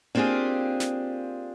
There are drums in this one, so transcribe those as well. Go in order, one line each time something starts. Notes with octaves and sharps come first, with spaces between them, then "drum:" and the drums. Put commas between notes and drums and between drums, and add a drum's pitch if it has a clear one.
A#3 C4 D4 F4 G4 G#4, drum: tom A#3
drum: snare